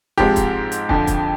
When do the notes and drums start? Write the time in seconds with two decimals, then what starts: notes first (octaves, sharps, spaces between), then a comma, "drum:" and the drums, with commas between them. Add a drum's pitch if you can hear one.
0.18 G#2 F3 G#3 C4 G4, drum: kick
0.36 drum: kick, hi-hat
0.72 drum: hi-hat
0.89 F2 D3 F3, drum: kick
1.07 drum: kick, hi-hat